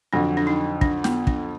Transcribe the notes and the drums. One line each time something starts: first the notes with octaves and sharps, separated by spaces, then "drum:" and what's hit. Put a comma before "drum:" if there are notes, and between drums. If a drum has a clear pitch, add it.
F2 D3 F#3 D4
D4
D#4
D4, drum: kick
B3, drum: snare
D4, drum: kick